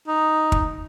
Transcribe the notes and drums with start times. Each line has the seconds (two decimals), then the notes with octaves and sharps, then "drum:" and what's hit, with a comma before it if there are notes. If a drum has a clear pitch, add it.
0.07 D#4
0.52 drum: kick